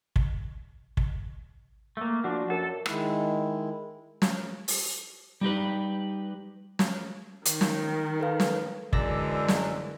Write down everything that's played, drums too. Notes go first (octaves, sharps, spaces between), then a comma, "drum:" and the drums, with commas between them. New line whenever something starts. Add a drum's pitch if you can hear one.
drum: kick
drum: kick
A3 A#3
F3 D4 F#4
F#2 A4
D#3 G#3 E4, drum: rim click
drum: snare
drum: open hi-hat
G3 D#4 G4 B4
drum: snare
D#3, drum: hi-hat
drum: snare
A4 B4 F5
drum: snare
F#2 D3 E3 G#3 D5 E6 A#6, drum: kick
drum: snare